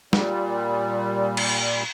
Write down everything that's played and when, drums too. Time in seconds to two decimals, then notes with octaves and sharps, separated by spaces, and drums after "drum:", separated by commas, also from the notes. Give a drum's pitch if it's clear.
0.13 A#2 G3, drum: snare
1.37 drum: cymbal